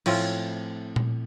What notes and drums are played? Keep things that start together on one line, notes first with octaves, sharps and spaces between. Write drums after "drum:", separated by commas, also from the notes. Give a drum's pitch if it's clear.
A2 F3 C4 F4, drum: cymbal
drum: tom A#2